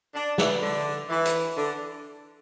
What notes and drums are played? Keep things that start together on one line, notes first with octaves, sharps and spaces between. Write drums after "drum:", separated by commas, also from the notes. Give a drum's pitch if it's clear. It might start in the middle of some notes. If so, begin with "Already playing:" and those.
D4
E3, drum: snare
D3
E3
drum: hi-hat
D3